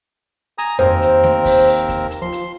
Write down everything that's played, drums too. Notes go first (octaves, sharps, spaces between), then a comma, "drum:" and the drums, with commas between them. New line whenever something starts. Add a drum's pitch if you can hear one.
G#5 A#5 D#6, drum: hi-hat
D#2 C4 A#4 C5, drum: tom F2
drum: hi-hat
drum: snare A3
drum: kick D#2, open hi-hat
drum: hi-hat
drum: kick D#2, hi-hat
drum: hi-hat
F3 C6
drum: hi-hat